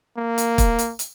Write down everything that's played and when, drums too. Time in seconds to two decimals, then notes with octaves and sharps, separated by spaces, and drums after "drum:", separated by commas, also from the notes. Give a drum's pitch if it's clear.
0.17 A#3
0.38 drum: hi-hat
0.58 drum: kick, hi-hat
0.79 drum: hi-hat
0.99 drum: hi-hat